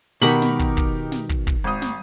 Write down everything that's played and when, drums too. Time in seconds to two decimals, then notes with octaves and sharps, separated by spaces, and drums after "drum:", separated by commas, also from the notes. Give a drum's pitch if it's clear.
0.22 B2 D#3 D#4 G4 A#4 F#5 B5
0.42 drum: snare
0.59 drum: kick
0.77 drum: kick
1.12 drum: snare
1.29 drum: kick
1.47 drum: kick
1.64 G#1 D#6
1.82 drum: snare